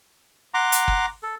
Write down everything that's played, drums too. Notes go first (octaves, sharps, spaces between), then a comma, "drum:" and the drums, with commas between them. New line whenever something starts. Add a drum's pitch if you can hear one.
F#5 A#5 C6 D6
drum: hi-hat
drum: kick G1
A4